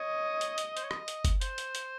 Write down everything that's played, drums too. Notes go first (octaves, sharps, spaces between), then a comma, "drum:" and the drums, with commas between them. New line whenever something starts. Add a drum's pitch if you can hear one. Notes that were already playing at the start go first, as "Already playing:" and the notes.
Already playing: C#5 D#5
drum: hi-hat
drum: hi-hat
C5, drum: hi-hat
C#5
D#5, drum: rim click
drum: hi-hat
drum: kick F#1, hi-hat
C5, drum: hi-hat
drum: hi-hat
drum: hi-hat